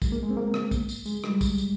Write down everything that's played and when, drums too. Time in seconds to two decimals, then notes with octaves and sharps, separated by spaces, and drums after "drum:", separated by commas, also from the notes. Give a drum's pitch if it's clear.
0.02 G#3, drum: kick, tambourine
0.12 A#3
0.23 G#3
0.30 C4
0.37 A#3
0.54 drum: rim click
0.71 drum: kick, tambourine
0.89 drum: tambourine
1.06 G#3, drum: tambourine
1.24 G3, drum: rim click
1.41 drum: kick, tambourine
1.58 drum: tambourine